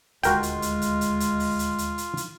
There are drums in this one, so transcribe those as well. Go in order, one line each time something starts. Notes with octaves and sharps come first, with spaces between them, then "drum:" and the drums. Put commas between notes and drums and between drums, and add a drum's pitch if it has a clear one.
D#1 D2 G#3 F4 F#4 A#4 G5, drum: hi-hat
drum: hi-hat
drum: hi-hat
drum: hi-hat
drum: hi-hat
drum: hi-hat
drum: open hi-hat
drum: hi-hat
drum: hi-hat
drum: hi-hat
drum: hi-hat